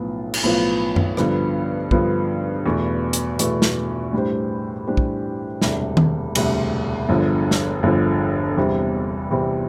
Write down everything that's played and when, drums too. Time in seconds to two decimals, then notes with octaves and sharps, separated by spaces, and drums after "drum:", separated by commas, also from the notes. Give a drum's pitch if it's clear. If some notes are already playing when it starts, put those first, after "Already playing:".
Already playing: B1 A2 F3 B3 F4
0.34 drum: cymbal
0.43 B1 A2 F3 B3 F4
0.96 drum: tom F#2
1.17 G2 D3 F3 B3, drum: rim click
1.91 G2 D3 F3 B3, drum: kick
2.66 E2 B2 A3
3.13 drum: hi-hat
3.39 E2 B2 A3, drum: hi-hat
3.62 drum: snare
4.13 A2 G3 D4 G4 C5
4.87 A2 G3 D4 G4 C5
4.97 drum: kick
5.62 E1 D2 C3 G3 D4, drum: snare
5.97 drum: tom D#3
6.35 E1 D2 C3 G3 D4, drum: cymbal
7.09 G1 G2 D3 F3
7.51 drum: snare
7.83 G1 G2 D3 F3
8.57 E2 C3 G3 C4
9.31 E2 C3 G3 C4